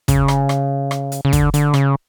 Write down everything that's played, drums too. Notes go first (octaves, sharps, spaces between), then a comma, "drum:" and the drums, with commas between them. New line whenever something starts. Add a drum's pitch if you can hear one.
C#3, drum: kick, hi-hat
drum: rim click
drum: rim click
drum: rim click
drum: hi-hat
C#3
D3, drum: kick, hi-hat
D3, drum: hi-hat
C#3, drum: rim click